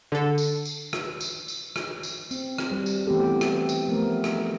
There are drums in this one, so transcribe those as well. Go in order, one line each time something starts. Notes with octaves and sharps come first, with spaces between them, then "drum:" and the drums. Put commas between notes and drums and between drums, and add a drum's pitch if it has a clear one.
D3 A4
drum: tambourine
drum: tambourine
drum: rim click
drum: tambourine
drum: tambourine
drum: rim click
drum: tambourine
C4, drum: tambourine
drum: rim click
G3
drum: tambourine
E3 A3 B3 C4 G4 A4
drum: rim click
drum: tambourine
F3 A3 B3 A#4
drum: rim click